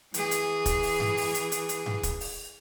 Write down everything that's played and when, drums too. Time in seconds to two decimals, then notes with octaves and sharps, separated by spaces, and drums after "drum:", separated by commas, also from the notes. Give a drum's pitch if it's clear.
0.14 E3 G#4, drum: hi-hat
0.31 drum: hi-hat
0.66 drum: kick, hi-hat
0.83 drum: open hi-hat
1.00 drum: tom G2
1.17 drum: open hi-hat
1.34 drum: hi-hat
1.52 drum: hi-hat
1.69 drum: hi-hat
1.86 drum: tom G2
2.03 drum: kick, hi-hat
2.21 drum: open hi-hat